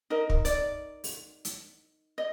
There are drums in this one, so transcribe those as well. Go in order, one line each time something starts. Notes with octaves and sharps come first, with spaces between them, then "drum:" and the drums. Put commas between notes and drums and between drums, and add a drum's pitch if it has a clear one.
D#4 A#4 D#5
drum: kick
D5, drum: hi-hat
drum: open hi-hat
drum: hi-hat
D#5